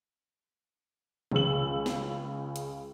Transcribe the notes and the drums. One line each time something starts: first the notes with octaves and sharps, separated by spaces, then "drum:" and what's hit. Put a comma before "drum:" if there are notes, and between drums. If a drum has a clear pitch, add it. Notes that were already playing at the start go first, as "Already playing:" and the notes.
C#2 C#3 G#3 E6 F#7, drum: tom D3
drum: snare
drum: hi-hat